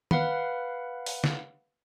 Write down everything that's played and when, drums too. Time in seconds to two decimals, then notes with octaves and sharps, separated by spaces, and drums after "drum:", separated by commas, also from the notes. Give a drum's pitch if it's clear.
0.11 B4 F5 F#5 B5, drum: tom D#3
1.06 drum: open hi-hat
1.24 drum: snare